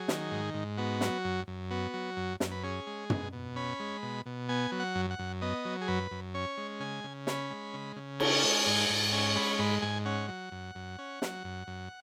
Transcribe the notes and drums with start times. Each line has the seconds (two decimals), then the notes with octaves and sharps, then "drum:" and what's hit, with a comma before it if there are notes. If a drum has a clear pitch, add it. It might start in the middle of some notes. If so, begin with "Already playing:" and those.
Already playing: F#3 G#4
0.08 D#3, drum: snare
0.31 G#2
0.54 G#2
0.77 B3 F#4
1.01 F#3, drum: snare
1.25 F#2
1.48 F#2
1.71 B3 F#4
1.94 F#3
2.17 F#2
2.40 F#2, drum: snare
2.51 B4
2.64 C#4 G#4
2.87 G#3
3.10 B2, drum: tom
3.33 B2
3.56 C#4 B5
3.80 G#3
4.03 B2
4.26 B2
4.49 B3 G#5
4.72 F#3
4.80 F#5
4.95 F#2
5.11 F#5
5.19 F#2
5.42 B3 D#5
5.65 F#3
5.81 G#4
5.88 F#2 B4
6.11 F#2
6.34 C#4 C#5
6.58 G#3
6.80 C#3 G#5
7.04 C#3
7.27 C#4 B5, drum: snare
7.50 G#3
7.74 C#3
7.96 C#3
8.20 C#4 G#5, drum: cymbal
8.43 G#3
8.66 G#2
8.89 G#2
9.12 C#4 G#5
9.36 G#3 B5
9.59 G#2 B5
9.82 G#2 G#5
10.05 C#4 F#5
10.28 F#3
10.51 F#2
10.75 F#2
10.99 C#4
11.22 F#3, drum: snare
11.44 F#2
11.67 F#2